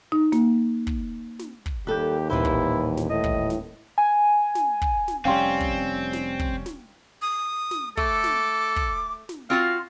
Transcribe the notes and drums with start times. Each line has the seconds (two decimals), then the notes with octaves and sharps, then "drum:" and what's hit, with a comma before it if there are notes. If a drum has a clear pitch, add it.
0.12 D#4
0.32 A#3, drum: snare
0.87 drum: kick
1.39 drum: snare
1.66 drum: kick
1.87 D#2 G3 G4 A4 F#6 G6
2.30 D#1 A1 E3 C4 E4 C5
2.45 drum: kick
2.97 drum: snare
3.10 A2 D#5
3.24 drum: kick
3.50 drum: snare
3.98 G#5
4.55 drum: snare
4.82 drum: kick
5.08 drum: snare
5.25 F1 G3 C4 C#4 F5 G5 C6
5.60 drum: kick
6.13 drum: snare
6.39 drum: kick
6.66 drum: snare
7.22 D#6
7.71 drum: snare
7.97 A3 A4 D6, drum: kick
8.24 drum: snare
8.76 drum: kick
9.29 drum: snare
9.50 C4 F4 F#4 F5